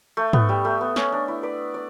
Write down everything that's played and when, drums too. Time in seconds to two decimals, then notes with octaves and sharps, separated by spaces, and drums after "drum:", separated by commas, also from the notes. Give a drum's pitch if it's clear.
0.17 A3
0.33 B3, drum: tom G#2
0.49 G3
0.65 A3
0.81 B3
0.96 C#4, drum: snare
1.12 D4
1.28 E4
1.43 B4 D5
1.74 D5